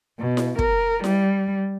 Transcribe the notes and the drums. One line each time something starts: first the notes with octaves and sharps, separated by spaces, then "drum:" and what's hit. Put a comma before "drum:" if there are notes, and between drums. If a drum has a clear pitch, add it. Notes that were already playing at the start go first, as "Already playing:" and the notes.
B2
drum: snare E4
A#4, drum: kick
G3, drum: snare E4